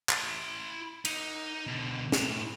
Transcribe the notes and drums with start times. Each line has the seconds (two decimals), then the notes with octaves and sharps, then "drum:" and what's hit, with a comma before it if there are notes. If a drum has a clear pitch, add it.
0.09 E4 C6, drum: clap
1.05 D#4, drum: cymbal
1.67 B2 D3
2.12 A2 A#5, drum: snare